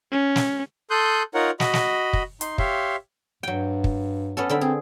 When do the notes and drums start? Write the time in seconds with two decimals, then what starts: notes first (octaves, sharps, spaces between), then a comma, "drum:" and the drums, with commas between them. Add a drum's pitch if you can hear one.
0.12 C#4
0.36 drum: snare
0.90 A4 C6 D#6 F#6 G6
1.34 D#4 F4 A#4 C#5 F#5
1.60 F#4 D#5 B5, drum: snare
1.73 drum: snare
2.13 drum: kick
2.41 D#4 C6, drum: hi-hat
2.58 G4 C#5 E5 F5 C6, drum: kick
3.43 G2 F#3 G5
3.84 drum: kick
4.37 B3 C#4 A4
4.49 D3 C4 B5
4.61 C4 G#4